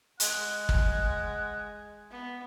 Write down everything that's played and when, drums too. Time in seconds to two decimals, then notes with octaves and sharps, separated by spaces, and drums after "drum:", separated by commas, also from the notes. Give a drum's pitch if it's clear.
0.20 G#3 F#5, drum: hi-hat
0.69 drum: kick
2.11 B3